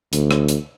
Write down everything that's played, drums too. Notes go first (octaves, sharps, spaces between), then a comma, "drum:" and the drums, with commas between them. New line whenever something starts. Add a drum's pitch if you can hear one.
D2, drum: hi-hat
drum: rim click
drum: hi-hat